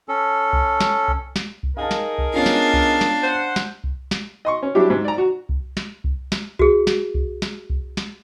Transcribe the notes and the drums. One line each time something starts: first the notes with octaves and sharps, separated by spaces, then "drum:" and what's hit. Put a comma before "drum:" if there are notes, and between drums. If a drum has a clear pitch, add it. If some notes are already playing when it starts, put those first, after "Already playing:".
C#4 A4
drum: kick C2
drum: snare
drum: kick C2
drum: snare
drum: kick C2
D#4 G#4 A#4 F5 A5
drum: snare
drum: kick C2
B3 C#4 D4 F4 F5
drum: snare
drum: kick C2
drum: snare
C5 F#5
drum: snare
drum: kick C2
drum: snare
D#5 C6 C#6
C#4
F#3 G3 D4 E4 G4
G#2
D5 A#5
F#4
drum: kick C2
drum: snare
drum: kick C2
drum: snare
F#4 G#4, drum: kick C2
drum: snare
drum: kick C2
drum: snare
drum: kick C2
drum: snare